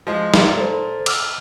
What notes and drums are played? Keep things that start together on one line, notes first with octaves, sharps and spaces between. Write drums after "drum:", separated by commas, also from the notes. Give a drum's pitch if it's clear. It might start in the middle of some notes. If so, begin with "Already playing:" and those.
F3 G#3
A#2, drum: snare
A4 C5
D6 E6 F6, drum: cymbal